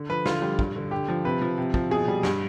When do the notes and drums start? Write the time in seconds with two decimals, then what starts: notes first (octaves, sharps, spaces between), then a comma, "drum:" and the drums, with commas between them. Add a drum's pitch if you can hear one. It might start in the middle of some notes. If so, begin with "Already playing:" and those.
Already playing: D3
0.09 F3 B4
0.26 D3 F4, drum: snare
0.42 G3
0.59 G2, drum: kick
0.76 D3
0.91 D3 G4
1.09 F3
1.24 C3 B4
1.42 F3
1.58 C3
1.74 F3, drum: kick
1.91 B2 G#4
2.08 G3
2.23 G2, drum: snare